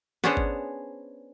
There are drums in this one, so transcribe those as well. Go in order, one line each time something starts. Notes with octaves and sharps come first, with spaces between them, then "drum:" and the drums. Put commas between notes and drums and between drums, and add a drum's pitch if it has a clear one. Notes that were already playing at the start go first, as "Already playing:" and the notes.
B3 C#4 D4 G#4 C5 C#5, drum: snare
drum: kick G#1